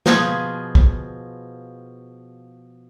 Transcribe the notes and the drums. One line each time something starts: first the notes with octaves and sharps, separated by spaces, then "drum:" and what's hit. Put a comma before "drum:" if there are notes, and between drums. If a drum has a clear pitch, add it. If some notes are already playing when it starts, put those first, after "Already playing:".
B2 F3 F4 G#4 B4 G#5, drum: snare
drum: kick